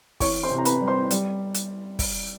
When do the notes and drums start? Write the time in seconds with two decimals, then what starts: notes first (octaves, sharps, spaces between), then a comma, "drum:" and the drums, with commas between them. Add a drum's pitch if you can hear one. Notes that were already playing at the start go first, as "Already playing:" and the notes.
0.20 E3 C#5 C#6, drum: kick, open hi-hat
0.43 C5 C6
0.50 C3
0.58 A#5
0.65 B4 B5, drum: hi-hat
0.81 G3
0.88 C5 C6
1.10 G3, drum: hi-hat
1.54 drum: hi-hat
1.99 drum: kick, open hi-hat